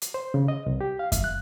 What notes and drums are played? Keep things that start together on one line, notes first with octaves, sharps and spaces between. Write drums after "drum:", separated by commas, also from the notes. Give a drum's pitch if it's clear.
drum: hi-hat
C5
C#3
D#5
C2
G4
F5
E5, drum: kick F#2, hi-hat
F#6